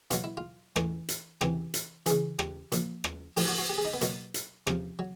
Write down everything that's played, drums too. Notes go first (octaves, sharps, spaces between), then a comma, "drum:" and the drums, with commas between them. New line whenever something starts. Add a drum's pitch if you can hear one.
B2 F#3 F4, drum: hi-hat
E4
F4
A2 E3, drum: rim click
drum: hi-hat
C3 E3 G4, drum: rim click
drum: hi-hat
C#3 E3 G#4, drum: hi-hat
G4, drum: rim click
A#2 F3, drum: hi-hat
drum: rim click
A2 F3 G4, drum: open hi-hat
F#4
F#4
G4
G#4
D#4
B3
B2 F#3 A#3, drum: hi-hat
drum: hi-hat
C3 F3, drum: rim click
F#3